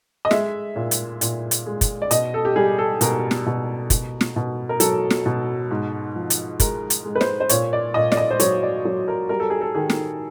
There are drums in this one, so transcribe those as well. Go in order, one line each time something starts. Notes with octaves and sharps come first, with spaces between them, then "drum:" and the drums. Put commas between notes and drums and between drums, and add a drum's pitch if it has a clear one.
D#5
G#3 E5, drum: snare
A#2
drum: hi-hat
A#2, drum: hi-hat
drum: hi-hat
G#3
drum: kick, hi-hat
D5
B2 D#5, drum: hi-hat
A4
G4
G3 G#4
A4
B2 A#4, drum: hi-hat
drum: snare
B2
B2, drum: kick, hi-hat
drum: snare
B2
A#4
F#3 A4, drum: hi-hat
drum: snare
B2
G#2
F3
drum: hi-hat
G#3 A#4, drum: kick, hi-hat
drum: hi-hat
G#3
B4
C5, drum: snare
C5
A#2 C#5, drum: hi-hat
D5
A#2 D#5
D5, drum: snare
D#5
C5
F#3 C#5, drum: hi-hat
D5
F#3 C#5
A#4
G3 A#4
A4
G#4
A4
D#3 G#4
drum: snare